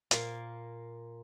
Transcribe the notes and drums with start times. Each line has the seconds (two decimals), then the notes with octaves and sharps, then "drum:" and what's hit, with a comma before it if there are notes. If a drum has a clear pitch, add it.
0.11 A#2 A#3 F5, drum: hi-hat